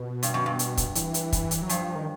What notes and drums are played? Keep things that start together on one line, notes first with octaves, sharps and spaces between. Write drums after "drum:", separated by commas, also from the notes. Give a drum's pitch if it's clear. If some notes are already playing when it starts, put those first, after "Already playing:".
Already playing: B2
G2, drum: hi-hat
F#2
G2
drum: hi-hat
drum: kick, hi-hat
E3, drum: hi-hat
drum: hi-hat
drum: kick, hi-hat
drum: hi-hat
F#3
G2 F3, drum: hi-hat
D#3